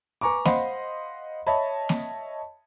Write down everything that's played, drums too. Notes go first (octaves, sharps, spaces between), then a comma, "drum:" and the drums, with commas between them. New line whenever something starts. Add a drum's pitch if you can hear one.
B4 G#5 A#5 C#6 D6
C5 D#5 F5 F#5 B5 C6, drum: snare A#3
C#5 D#5 E5 A5 B5
drum: snare A#3